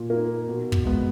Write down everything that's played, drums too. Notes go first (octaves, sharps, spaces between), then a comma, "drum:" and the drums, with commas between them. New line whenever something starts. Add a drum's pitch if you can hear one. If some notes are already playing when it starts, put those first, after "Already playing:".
Already playing: A#2
A#3 D#4
B2
drum: kick
G#3 B3